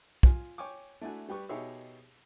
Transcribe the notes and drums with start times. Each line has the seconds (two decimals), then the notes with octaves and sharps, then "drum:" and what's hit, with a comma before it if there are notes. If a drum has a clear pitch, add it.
0.23 F4 G#5, drum: kick
0.58 C#5 G5 G#5 C#6 D6
1.01 A3 D4 E4 F#4 G#5
1.29 G3 G4 B4 C#6
1.49 B2 D#4 G4 G#4 C#5 E5